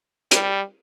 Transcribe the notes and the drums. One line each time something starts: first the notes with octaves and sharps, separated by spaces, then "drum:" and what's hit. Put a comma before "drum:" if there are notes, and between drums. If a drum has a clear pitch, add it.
G3, drum: hi-hat